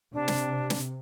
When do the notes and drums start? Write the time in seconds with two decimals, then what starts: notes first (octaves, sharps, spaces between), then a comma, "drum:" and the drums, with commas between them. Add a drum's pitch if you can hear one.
0.14 C3 D4
0.28 drum: snare
0.70 drum: snare